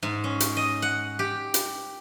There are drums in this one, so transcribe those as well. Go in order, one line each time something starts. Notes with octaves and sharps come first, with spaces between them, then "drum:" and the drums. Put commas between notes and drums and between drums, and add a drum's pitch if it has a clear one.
G#2
C#4
drum: hi-hat
D#5
F#5
G4
drum: hi-hat